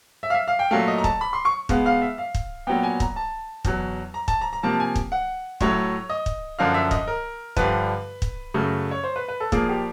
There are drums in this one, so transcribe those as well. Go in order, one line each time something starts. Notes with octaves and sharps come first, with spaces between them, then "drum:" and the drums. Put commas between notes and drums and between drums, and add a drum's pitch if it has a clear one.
E5
F5
E5
F5
G5
A#2 F#3 A3 F5
D#5
A#5
A5, drum: kick
B5
C6
C#6
B2 G#3 B3 F5, drum: kick
F5
E5
F5
drum: kick
A#2 F#3 B3 G5
G#5
A#5, drum: kick
A5
E2 B2 F#3, drum: kick
A#5
A5, drum: kick
A#5
A#5
C3 F3 A#3 A5
G#5
drum: kick
F#5
A2 F#3 A3 C#5, drum: kick
D#5
drum: kick
F#2 D3 F3 F5
E5
D#5, drum: kick
A#4
G2 D3 F3 B4, drum: kick
drum: kick
F#2 C#3 F#3 A3
C#5
C5
B4
B4
A4
A#2 F3 A#3 G#4, drum: kick
G4